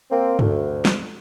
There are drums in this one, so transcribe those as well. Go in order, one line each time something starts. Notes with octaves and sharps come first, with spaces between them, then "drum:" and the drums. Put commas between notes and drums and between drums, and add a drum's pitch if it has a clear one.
A#3 C4
D2, drum: tom G2
drum: snare